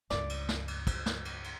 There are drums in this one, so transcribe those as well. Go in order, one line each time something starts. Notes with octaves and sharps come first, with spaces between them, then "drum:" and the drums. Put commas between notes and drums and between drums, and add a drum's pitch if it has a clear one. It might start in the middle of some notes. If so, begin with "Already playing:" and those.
C#2 G2 D5, drum: snare
drum: cymbal
drum: snare
drum: cymbal
drum: kick, cymbal
drum: snare
drum: cymbal
drum: cymbal